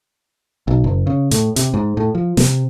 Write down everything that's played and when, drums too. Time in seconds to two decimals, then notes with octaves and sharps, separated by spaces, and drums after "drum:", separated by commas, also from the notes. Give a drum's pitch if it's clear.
0.68 B1
0.84 F#1
1.07 C#3
1.31 A2, drum: hi-hat
1.56 C3, drum: hi-hat
1.74 G#2
1.97 A2
2.15 F3
2.37 C3, drum: snare